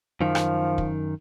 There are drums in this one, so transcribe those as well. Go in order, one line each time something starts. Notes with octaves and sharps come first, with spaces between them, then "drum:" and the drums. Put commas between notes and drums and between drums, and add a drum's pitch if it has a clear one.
F#2 D#3 F3
drum: rim click
drum: kick